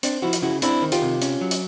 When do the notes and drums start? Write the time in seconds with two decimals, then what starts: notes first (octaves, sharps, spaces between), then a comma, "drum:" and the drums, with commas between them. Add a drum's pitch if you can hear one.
0.03 C4 D4, drum: hi-hat
0.22 F3 E4 F#4
0.33 drum: hi-hat
0.42 C#3 E4 F#4
0.62 C4 D4 E4, drum: hi-hat
0.82 D#3
0.92 F4 G4, drum: hi-hat
1.02 C3
1.22 C#4, drum: hi-hat
1.41 F#3
1.51 drum: hi-hat